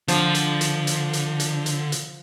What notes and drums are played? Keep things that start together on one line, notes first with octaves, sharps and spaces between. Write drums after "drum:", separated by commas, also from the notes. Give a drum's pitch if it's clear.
D3 F3, drum: hi-hat
drum: hi-hat
drum: hi-hat
drum: hi-hat
drum: hi-hat
drum: hi-hat
drum: hi-hat
drum: hi-hat